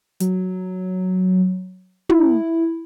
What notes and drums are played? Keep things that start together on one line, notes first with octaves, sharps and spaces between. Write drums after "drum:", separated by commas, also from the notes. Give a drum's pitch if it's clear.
F#3, drum: hi-hat
E4, drum: tom